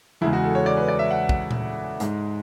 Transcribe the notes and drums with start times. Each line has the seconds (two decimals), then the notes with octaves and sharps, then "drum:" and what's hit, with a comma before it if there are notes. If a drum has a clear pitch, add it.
0.21 E2 C#3 G#3 E4
0.33 F#4
0.44 A4
0.55 C#5
0.66 D5
0.77 B4
0.88 D5
0.99 E5
1.11 F#5
1.29 drum: kick
1.51 drum: tom A#2
2.00 G#2 G#3, drum: hi-hat